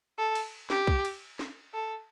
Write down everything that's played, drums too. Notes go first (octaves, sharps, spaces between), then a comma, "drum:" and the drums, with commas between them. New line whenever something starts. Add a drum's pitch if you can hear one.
A4
drum: cymbal
G4, drum: snare
drum: kick
drum: cymbal
drum: snare
A4